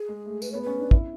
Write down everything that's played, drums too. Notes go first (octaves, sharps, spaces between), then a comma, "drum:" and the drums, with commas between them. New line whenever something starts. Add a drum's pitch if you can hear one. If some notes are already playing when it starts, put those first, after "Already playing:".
Already playing: G#4
G#3
A3
A3 B4, drum: tambourine
B3 C#5
C#4 B4
D4
E4, drum: kick